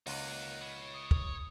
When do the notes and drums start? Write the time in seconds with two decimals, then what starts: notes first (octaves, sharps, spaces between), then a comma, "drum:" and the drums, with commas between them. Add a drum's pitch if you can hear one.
0.06 C#2 A#3 D#4 F#5, drum: open hi-hat
0.62 C#5 B5
0.93 D#6
1.11 drum: kick